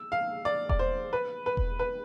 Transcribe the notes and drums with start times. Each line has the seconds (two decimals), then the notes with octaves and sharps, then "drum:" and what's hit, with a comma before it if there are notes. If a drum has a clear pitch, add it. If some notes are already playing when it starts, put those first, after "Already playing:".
Already playing: E6
0.12 F5
0.45 D5
0.69 D5, drum: kick E1
0.79 C5
1.13 B4
1.46 B4
1.57 drum: kick E1
1.79 B4